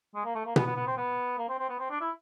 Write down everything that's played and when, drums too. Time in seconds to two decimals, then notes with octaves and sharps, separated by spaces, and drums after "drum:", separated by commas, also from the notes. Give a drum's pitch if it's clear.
0.15 G#3
0.25 A#3
0.35 A3
0.46 A#3
0.56 B3, drum: tom B2
0.66 B3
0.76 B3
0.87 C4
0.97 B3
1.38 A#3
1.49 C4
1.59 C4
1.69 B3
1.79 C4
1.90 D4
2.01 E4